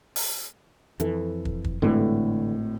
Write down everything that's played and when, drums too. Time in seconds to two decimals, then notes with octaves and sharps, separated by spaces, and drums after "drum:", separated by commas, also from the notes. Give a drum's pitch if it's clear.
0.16 drum: open hi-hat
1.00 F2 E3 A4, drum: hi-hat
1.45 drum: kick
1.64 drum: kick
1.82 G#1 A2 D3 E3